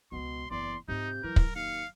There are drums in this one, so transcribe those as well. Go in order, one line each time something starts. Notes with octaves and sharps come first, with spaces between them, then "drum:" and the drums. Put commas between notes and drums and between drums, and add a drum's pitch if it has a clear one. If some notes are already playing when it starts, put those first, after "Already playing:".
C#2 B2 G#3 C6
F#1 E2 D5 C6
G#2 C3 D#4 F4 G6
E3 F#3 A#4
drum: kick
D#2 F5 C#7